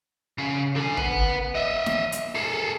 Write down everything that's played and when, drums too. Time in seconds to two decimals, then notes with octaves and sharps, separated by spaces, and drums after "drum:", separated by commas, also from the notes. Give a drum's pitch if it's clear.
0.38 C#3
0.76 D3 G#5
0.97 B4 F#5, drum: tom
1.55 D#5 E5
1.86 drum: snare
2.12 drum: hi-hat
2.35 G#4 A4